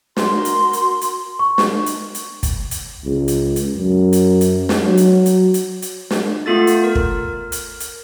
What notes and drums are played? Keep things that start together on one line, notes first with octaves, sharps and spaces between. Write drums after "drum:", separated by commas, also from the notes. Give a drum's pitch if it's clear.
F#4 A#4 C6, drum: snare
drum: hi-hat
drum: hi-hat
drum: hi-hat
C#6
drum: snare
drum: hi-hat
drum: hi-hat
drum: kick, hi-hat
drum: hi-hat
C#2
drum: hi-hat
drum: hi-hat
F#2
drum: hi-hat
drum: hi-hat
drum: snare
F#3
drum: hi-hat
drum: hi-hat
drum: hi-hat
drum: hi-hat
drum: snare
A3 B3 F4 A4 A6
drum: hi-hat
A#4
drum: kick
drum: hi-hat
drum: hi-hat